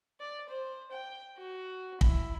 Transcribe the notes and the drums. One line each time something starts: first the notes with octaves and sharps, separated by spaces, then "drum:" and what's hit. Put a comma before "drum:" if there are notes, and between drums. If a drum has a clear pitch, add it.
D5
C5
G5
F#4
E4, drum: kick